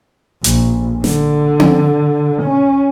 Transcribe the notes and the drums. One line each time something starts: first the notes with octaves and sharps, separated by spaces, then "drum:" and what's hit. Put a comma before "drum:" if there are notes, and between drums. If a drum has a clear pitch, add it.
A#1, drum: hi-hat
D3, drum: snare
drum: tom C4
C#4